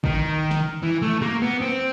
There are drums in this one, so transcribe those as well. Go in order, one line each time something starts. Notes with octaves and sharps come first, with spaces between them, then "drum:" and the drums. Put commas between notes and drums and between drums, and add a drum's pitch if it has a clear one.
D#3, drum: kick
drum: snare
E3
A3
A#3, drum: rim click
B3
C4